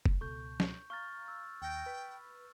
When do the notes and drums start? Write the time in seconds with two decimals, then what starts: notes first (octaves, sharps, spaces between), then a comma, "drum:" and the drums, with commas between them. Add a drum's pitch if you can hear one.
0.06 drum: kick
0.21 C#2 B2 A4 C#6 G6
0.60 drum: snare
0.90 F5 A#5 C#6 F6 A6
1.28 E6
1.62 D#2 G5 C#6 A#6
1.86 B4 B5